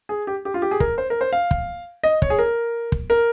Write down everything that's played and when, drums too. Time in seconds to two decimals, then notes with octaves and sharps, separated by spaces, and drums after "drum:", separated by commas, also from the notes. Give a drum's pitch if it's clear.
0.09 G#4
0.27 G4
0.45 G4
0.54 F4
0.62 G4
0.71 G#4
0.80 A#4, drum: kick
0.98 C5
1.10 A#4
1.21 C5
1.33 F5
1.51 drum: kick
2.03 D#5
2.22 C#5, drum: kick
2.30 G#4
2.39 A#4
2.92 drum: kick
3.10 A#4